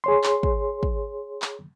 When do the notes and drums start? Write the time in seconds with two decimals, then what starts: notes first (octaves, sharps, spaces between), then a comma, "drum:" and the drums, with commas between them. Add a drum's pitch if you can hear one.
0.04 G#4 C#5 C6
0.24 drum: clap
0.43 drum: kick
0.83 drum: kick
1.42 drum: clap